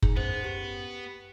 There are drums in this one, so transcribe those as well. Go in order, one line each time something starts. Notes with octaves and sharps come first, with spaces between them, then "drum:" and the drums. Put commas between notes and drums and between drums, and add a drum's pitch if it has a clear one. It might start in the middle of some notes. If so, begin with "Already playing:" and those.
D#4 G#4, drum: kick
F#2 B3 C5
G4